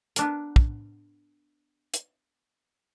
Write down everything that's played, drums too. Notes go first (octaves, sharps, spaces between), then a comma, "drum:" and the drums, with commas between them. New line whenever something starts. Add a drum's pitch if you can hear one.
B3 D4 A#4, drum: hi-hat
drum: kick
drum: hi-hat